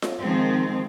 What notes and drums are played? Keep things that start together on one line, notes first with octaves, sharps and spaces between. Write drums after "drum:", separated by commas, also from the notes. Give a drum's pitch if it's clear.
drum: snare F4
D#3 F3 G#3 C4